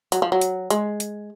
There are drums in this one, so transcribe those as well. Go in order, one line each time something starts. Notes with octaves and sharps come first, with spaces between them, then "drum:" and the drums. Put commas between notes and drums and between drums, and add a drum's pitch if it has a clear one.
F#3, drum: hi-hat
F3
F#3
drum: hi-hat
G#3, drum: hi-hat
drum: hi-hat